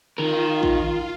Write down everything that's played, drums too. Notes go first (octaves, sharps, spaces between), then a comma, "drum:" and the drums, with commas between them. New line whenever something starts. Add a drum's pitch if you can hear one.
D#3 F4 A#4
drum: kick A1